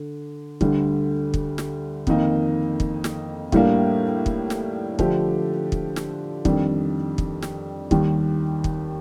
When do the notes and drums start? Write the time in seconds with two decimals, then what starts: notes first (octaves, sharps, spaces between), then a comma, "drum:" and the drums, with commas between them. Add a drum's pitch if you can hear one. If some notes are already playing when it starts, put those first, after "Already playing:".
Already playing: D3
0.61 D2 D3 G3, drum: kick
1.34 drum: kick
1.58 drum: snare
2.07 F2 D#3 A#3 D#4, drum: kick
2.80 drum: kick
3.04 drum: snare
3.52 A2 G3 A#3 D4, drum: kick
4.26 drum: kick
4.50 drum: snare
4.99 D3 F3 A3 D4 G4, drum: kick
5.72 drum: kick
5.96 drum: snare
6.45 F2 D#3 G3 D4, drum: kick
7.18 drum: kick
7.42 drum: snare
7.91 D#2 D#3 G3, drum: kick
8.64 drum: kick